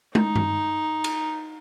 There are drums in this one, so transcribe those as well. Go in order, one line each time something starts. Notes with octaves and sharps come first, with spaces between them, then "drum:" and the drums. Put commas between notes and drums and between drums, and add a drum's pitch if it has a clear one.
D#4, drum: tom
drum: tom G2
drum: cymbal